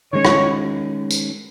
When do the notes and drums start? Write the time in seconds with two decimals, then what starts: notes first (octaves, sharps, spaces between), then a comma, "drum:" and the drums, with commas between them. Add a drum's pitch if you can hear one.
0.13 D#3 G#3 C#4 C#5
0.25 drum: rim click
1.10 drum: tambourine